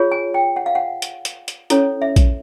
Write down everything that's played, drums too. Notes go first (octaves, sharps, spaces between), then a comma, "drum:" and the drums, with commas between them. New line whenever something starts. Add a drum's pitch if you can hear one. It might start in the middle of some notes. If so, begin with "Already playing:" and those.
Already playing: F4 G#4 C#5
G#5
G5
F#5
F5
F#5
drum: hi-hat
drum: hi-hat
drum: hi-hat
C#4 E4 A4 C#5, drum: hi-hat
E5
drum: kick A#1, hi-hat